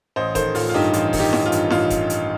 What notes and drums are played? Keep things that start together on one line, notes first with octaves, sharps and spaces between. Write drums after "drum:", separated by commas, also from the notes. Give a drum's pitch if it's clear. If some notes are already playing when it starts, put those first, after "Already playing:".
A1 C5 D#5
D#3 A4 C5, drum: kick F1, hi-hat
A1 F4 A4, drum: open hi-hat
F4
G2 D#4 G4
A1 F4, drum: hi-hat
D#3, drum: kick F1, open hi-hat
D#4 G4
A1, drum: snare E4
F4
G2, drum: hi-hat
A1 F4, drum: snare E4
drum: kick F1, hi-hat
drum: hi-hat